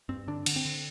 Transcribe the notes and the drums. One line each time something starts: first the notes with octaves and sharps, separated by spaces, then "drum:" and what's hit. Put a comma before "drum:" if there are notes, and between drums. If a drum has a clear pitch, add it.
G2 C4
D3 D4
D3, drum: cymbal
C4
D3